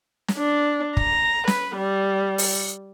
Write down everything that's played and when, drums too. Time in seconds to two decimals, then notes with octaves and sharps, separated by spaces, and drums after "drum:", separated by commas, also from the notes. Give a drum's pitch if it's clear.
0.28 drum: snare
0.38 D4
0.97 A#5, drum: kick
1.47 B4, drum: snare
1.76 G3
2.38 drum: open hi-hat